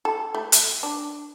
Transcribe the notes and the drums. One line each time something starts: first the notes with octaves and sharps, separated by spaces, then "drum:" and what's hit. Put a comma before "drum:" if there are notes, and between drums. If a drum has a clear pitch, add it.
A4
A3
drum: hi-hat
D4